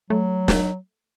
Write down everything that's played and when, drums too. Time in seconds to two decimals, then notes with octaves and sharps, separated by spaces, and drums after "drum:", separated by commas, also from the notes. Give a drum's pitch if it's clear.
0.10 F#3 A3
0.48 drum: snare